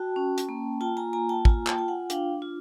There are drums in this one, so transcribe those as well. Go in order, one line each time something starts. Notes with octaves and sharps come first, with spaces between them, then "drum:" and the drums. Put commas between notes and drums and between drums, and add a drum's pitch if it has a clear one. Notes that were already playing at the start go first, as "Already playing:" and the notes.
Already playing: F#4 G5 A5
C#4
drum: hi-hat
A#3
F4 G5 A5
G#5 A#5
A#3 G#5 A#5
G5 A5
F4 G#5 A#5, drum: kick
G5 A5, drum: clap
F4 G5
F#5 G#5
D4 F5 G5, drum: hi-hat
F4